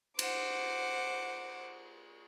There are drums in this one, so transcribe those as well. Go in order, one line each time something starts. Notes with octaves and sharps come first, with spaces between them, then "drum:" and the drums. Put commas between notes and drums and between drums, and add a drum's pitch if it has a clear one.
C5 F#5 D6, drum: cymbal